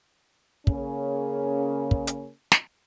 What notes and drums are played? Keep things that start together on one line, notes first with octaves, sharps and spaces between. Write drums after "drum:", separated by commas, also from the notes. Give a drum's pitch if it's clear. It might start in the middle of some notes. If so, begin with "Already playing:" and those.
C#3 A#3 C#4, drum: kick
drum: kick
drum: hi-hat
drum: snare